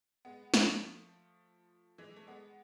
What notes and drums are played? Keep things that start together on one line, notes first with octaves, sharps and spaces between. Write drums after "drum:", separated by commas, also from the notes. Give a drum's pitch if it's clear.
G#3 B3
F3 A3, drum: snare
E3 G#3
A3
G#3 B3